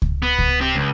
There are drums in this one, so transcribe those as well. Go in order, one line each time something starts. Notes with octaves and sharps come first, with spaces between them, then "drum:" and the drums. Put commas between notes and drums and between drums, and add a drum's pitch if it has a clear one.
drum: kick C#2
B3
drum: kick C#2
C4 G4
C#2